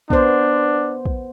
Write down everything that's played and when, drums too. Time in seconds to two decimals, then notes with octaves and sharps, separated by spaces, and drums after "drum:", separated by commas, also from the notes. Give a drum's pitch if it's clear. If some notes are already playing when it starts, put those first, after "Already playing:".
0.10 B3 D4 C5, drum: kick
1.05 drum: kick